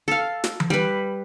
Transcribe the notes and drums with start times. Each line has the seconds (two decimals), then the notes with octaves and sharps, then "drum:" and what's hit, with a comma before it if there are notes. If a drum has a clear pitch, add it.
0.08 A4 F5
0.44 drum: snare
0.60 drum: tom E3
0.70 G3 B4